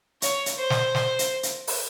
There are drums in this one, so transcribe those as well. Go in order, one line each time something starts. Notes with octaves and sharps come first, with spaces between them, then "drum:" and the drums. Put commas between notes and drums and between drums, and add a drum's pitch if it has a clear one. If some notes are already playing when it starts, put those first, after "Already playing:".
C#5, drum: hi-hat
drum: hi-hat
C5
drum: snare
drum: snare
drum: hi-hat
drum: hi-hat
drum: open hi-hat